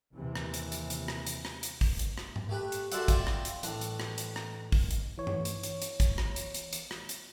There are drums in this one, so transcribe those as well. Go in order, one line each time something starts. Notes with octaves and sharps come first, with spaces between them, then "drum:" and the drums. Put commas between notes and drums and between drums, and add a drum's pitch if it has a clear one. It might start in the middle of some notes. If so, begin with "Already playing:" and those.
D#2 C3 E3
drum: rim click
drum: hi-hat
drum: hi-hat
drum: hi-hat
drum: rim click
drum: hi-hat
drum: rim click
drum: hi-hat
drum: kick, open hi-hat
drum: hi-hat
drum: rim click
drum: tom G#2
A3 G4 B4
drum: hi-hat
F#4 A4 C5 D5 E5 F#5, drum: hi-hat
F4 D5 E5 G5, drum: kick, hi-hat
drum: rim click
drum: hi-hat
A2 E3 D4, drum: hi-hat
drum: hi-hat
drum: rim click
drum: hi-hat
drum: rim click
drum: kick, open hi-hat
drum: hi-hat
E3 C#5
drum: tom G2
drum: hi-hat
drum: hi-hat
drum: hi-hat
drum: kick, hi-hat
drum: rim click
drum: hi-hat
drum: hi-hat
drum: hi-hat
drum: rim click
drum: hi-hat